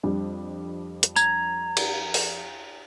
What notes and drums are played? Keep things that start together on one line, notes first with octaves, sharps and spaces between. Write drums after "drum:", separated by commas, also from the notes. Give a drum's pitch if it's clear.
F2 G3 D4
drum: hi-hat
A#5 G#6, drum: tambourine
drum: cymbal
drum: open hi-hat